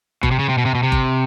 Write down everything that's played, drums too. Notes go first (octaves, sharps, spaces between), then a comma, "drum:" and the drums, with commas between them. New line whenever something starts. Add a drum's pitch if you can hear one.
B2, drum: kick F#1
C3
C#3
C3
B2
C3
B2
C3
drum: kick F#1